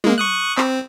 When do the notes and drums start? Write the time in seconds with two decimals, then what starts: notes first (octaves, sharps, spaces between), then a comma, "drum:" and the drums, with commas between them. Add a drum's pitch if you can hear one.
0.04 G#3 A#3, drum: tom
0.18 C#6 D#6 F#6
0.58 C4, drum: clap